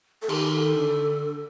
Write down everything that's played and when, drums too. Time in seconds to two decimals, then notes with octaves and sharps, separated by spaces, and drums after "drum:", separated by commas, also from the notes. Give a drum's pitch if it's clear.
0.22 A4
0.29 D#3 G4, drum: cymbal
0.53 A4
0.76 D3